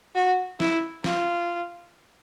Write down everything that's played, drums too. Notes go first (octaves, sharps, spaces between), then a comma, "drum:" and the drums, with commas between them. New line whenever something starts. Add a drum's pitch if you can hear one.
F#4
E4, drum: snare
F4, drum: snare